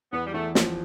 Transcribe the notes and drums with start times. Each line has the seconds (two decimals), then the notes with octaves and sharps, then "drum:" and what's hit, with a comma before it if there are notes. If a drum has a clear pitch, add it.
0.13 E2 B3
0.27 G3
0.34 E2 A3
0.55 F3, drum: snare